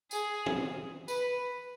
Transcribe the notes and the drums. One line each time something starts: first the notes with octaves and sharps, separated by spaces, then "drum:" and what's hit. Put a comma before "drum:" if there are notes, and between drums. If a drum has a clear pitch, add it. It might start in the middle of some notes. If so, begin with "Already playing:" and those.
G#4, drum: tambourine
drum: tom
B4, drum: tambourine